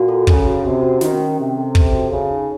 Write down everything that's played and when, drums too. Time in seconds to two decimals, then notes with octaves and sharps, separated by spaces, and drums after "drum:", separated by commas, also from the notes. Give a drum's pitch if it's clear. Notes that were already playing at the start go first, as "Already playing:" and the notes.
Already playing: A#2 F#4
0.08 A4
0.27 C#3 C#4, drum: kick
0.45 F#4
0.65 C3 C#4
0.82 F#4
1.01 D#3 C#4, drum: snare
1.20 C#4
1.38 C3 C5
1.57 A4
1.75 A4, drum: kick
1.94 F#4
2.11 C#3 A5
2.31 D#4